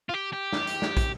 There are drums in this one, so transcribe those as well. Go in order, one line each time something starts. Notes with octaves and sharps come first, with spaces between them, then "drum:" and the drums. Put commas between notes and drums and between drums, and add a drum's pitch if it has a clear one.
F4
G4
G4
drum: snare
drum: hi-hat
drum: snare
drum: kick, hi-hat